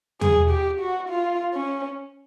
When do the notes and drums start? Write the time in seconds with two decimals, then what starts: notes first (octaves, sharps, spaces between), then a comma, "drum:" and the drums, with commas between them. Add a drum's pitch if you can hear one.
0.21 G#4, drum: tom E2
0.50 G4
0.80 F#4
1.09 F4
1.54 C#4